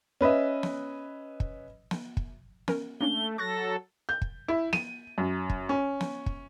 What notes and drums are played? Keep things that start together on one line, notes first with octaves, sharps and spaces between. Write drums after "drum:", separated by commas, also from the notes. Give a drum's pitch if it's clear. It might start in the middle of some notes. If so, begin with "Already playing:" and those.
C#4 B4 D#5 E5
drum: snare
drum: kick
drum: snare
drum: kick
C#4 A#4, drum: snare
A3 A#3 C#4 D4 G7
F#3 A4 C#6 F#6 A6 A#6
G6
drum: kick
E4
D#7, drum: snare
F#2
drum: kick
C#4
drum: snare
drum: kick